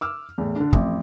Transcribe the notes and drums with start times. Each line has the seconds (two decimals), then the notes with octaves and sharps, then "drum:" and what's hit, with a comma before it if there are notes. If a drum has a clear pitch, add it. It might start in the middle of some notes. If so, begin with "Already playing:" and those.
0.01 D6 E6 F6
0.38 E2 A2
0.56 D3 D4
0.73 A1 F2, drum: kick